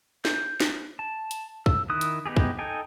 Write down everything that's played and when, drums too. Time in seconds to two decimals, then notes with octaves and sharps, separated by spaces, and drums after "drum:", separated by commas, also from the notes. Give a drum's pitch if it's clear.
0.25 G6, drum: snare
0.60 drum: snare
0.99 A5
1.31 drum: hi-hat
1.66 E6, drum: kick
1.90 D#3 E4 D#6 F#6
2.01 drum: hi-hat
2.26 B3 D#4 G4 G#4
2.37 drum: kick
2.59 D#4 A4 G5 G#5